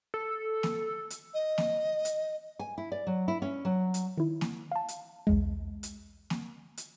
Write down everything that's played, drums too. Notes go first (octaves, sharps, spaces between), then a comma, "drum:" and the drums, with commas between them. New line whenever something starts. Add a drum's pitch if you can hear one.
A4
drum: snare A#3
drum: hi-hat
D#5
drum: snare A#3
drum: hi-hat
G#5
E4
D5
F#3
E4
C#4
F#3
drum: hi-hat
D#3 E4
drum: snare A#3
F5 A5
drum: hi-hat
B1 E2 G#3
drum: hi-hat
drum: snare A#3
drum: hi-hat